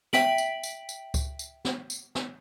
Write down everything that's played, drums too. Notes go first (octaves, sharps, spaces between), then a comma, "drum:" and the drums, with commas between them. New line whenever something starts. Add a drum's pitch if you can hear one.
E5 G5 B6 D7 F#7, drum: snare
drum: tambourine
drum: tambourine
drum: tambourine
drum: kick C#2, tambourine
drum: tambourine
drum: snare
drum: tambourine
drum: snare